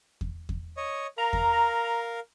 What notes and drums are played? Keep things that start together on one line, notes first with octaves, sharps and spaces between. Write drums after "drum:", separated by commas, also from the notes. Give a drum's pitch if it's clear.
drum: kick E2
drum: kick E2
C#5 D#5
A#4 F5 A#5
drum: kick E2